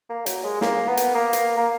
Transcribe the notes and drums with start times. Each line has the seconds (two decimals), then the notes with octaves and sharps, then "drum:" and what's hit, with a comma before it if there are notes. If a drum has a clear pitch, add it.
0.09 A#3
0.26 F#3, drum: hi-hat
0.44 G#3
0.61 A#3, drum: snare
0.88 B3
0.97 drum: hi-hat
1.15 A#3
1.33 drum: hi-hat
1.57 A#3